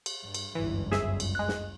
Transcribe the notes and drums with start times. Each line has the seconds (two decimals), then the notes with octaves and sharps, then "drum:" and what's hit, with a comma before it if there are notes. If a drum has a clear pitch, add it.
0.06 drum: cymbal
0.23 G2
0.35 drum: cymbal
0.55 G1 C#2 F#2 E3
0.91 G#4 E5, drum: snare
1.20 drum: cymbal
1.35 G#3 F#6
1.48 drum: snare